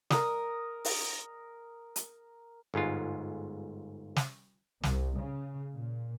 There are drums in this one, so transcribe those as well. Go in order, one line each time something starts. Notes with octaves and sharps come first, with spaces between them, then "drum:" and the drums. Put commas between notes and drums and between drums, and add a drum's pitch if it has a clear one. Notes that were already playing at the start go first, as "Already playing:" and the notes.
A#4 D#6, drum: snare
drum: open hi-hat
drum: hi-hat
G1 G#2 G#3 F4
drum: snare
C2, drum: snare
C#3
A#2